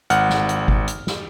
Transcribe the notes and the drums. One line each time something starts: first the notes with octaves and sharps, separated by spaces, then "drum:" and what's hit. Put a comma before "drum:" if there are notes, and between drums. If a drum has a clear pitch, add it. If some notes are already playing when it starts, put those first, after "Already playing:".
G#1 F#5 F6, drum: hi-hat
drum: snare
drum: hi-hat
drum: kick G1
drum: hi-hat
drum: snare